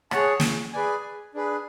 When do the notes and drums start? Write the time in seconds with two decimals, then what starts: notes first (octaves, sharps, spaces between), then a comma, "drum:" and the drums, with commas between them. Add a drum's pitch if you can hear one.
0.11 G#4 C#5 F#5 A5, drum: rim click
0.40 drum: snare
0.73 G#4 B4 D5 G#5
1.35 D4 G#4 B4